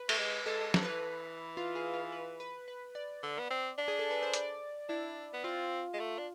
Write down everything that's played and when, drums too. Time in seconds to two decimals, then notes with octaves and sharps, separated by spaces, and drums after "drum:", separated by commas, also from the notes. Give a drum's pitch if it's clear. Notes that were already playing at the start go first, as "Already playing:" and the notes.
Already playing: B4
0.09 A3, drum: cymbal
0.19 G#3
0.46 G#3 A4
0.60 G#3
0.65 A4
0.74 F3, drum: snare
0.83 B4
0.88 E3
1.01 E3
1.57 F4
1.75 G#4
1.94 F4
2.12 B4
2.40 B4
2.68 B4
2.95 D5
3.23 D3
3.39 B3
3.51 C4
3.78 D4
3.88 G#4
3.99 A4
4.11 B4
4.23 C5
4.34 D5, drum: hi-hat
4.89 D4 E4
5.33 B3
5.44 C4 F4
5.94 G#3
6.00 A3
6.19 D4